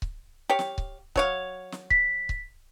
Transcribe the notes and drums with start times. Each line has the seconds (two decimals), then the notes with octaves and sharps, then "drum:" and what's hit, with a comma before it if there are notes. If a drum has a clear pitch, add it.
0.02 drum: kick C#1
0.50 G4 C#5 F5
0.59 drum: snare
0.78 drum: kick C#1
1.16 F#3 C#5 F5, drum: kick C#1
1.72 drum: snare
1.90 B6, drum: kick C#1
2.29 drum: kick C#1